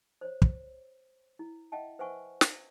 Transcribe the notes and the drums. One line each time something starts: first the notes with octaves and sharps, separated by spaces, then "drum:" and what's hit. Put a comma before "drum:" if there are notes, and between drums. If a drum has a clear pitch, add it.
C5 C#5
drum: kick
E4
D#5 E5 F#5 G5 A5
B4 C5 E5 F#5 G#5 C#6
drum: snare